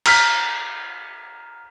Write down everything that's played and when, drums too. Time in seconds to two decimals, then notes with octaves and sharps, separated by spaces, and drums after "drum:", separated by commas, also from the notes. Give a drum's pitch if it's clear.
0.06 A#5 F6 B6, drum: cymbal